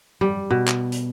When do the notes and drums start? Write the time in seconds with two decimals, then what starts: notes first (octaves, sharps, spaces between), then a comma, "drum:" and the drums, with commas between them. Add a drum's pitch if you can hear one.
0.21 G3, drum: tom G2
0.51 B2
0.68 drum: clap
0.92 drum: hi-hat